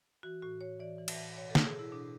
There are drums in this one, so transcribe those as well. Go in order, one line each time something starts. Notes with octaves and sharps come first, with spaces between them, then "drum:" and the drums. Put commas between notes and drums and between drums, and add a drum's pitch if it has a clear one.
E3 F#4
A2 F#4
A2 C#5
E3 D5
E3
E5, drum: cymbal
A2
B2 C#5
A4
B2, drum: snare
G#4
B2
E4
B2 D4